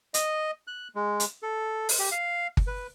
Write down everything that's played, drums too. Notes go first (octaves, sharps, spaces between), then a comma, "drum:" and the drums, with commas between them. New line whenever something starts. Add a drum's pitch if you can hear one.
D#5, drum: hi-hat
F#6
G#3
drum: hi-hat
A4
drum: open hi-hat
G4
F5
drum: kick G1
B4